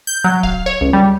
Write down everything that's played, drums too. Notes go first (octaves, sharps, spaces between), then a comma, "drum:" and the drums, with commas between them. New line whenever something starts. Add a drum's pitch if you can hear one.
G6
F#3
F5, drum: kick D1
C#5
C#2
G3